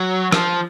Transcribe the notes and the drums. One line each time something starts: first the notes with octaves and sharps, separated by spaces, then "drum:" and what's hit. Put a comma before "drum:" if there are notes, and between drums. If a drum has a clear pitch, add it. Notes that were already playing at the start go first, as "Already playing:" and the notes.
Already playing: F#3
F3, drum: rim click